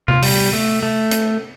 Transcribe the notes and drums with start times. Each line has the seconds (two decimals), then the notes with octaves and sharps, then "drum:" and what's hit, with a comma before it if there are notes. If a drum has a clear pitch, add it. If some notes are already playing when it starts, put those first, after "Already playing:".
0.08 F4, drum: tom C3
0.22 G3, drum: open hi-hat
0.53 A3
0.83 A3
1.11 drum: hi-hat